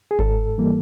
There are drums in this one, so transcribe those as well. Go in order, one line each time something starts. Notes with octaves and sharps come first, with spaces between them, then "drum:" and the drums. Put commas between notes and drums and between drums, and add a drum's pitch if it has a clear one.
G#4
G#2 A4, drum: kick G1
E3 G3 A#3